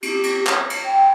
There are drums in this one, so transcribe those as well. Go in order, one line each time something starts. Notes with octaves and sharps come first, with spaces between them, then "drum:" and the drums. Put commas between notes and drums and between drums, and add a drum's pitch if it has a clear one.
G4, drum: cymbal
drum: cymbal
C#5, drum: clap
drum: cymbal
G5